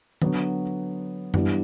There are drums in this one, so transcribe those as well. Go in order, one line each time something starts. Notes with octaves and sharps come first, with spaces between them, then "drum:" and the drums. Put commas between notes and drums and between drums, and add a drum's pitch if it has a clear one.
D3 F#3 B3, drum: tom D#3
G2 E3 G3 B3, drum: tom F#2